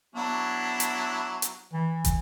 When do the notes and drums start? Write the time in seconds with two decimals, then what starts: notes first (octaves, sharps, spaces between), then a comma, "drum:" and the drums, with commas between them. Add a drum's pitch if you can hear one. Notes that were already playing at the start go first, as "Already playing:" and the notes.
0.15 F#3 B3 D4 E4
0.80 drum: hi-hat
1.42 drum: hi-hat
1.73 E3
2.05 drum: kick, hi-hat